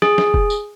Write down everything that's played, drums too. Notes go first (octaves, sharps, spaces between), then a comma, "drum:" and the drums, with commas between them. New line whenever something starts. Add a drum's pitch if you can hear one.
G#4, drum: snare
drum: snare
drum: kick
drum: tambourine